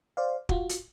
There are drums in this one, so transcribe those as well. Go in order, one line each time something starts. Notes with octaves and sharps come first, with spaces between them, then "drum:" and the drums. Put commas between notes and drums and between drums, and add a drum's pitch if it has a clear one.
C5 D5 F5
F4 F#4, drum: kick
drum: hi-hat